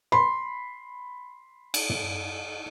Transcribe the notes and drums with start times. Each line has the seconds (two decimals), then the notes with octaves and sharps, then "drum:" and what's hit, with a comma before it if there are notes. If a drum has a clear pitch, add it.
0.12 B5 C6
1.74 drum: cymbal
1.89 drum: tom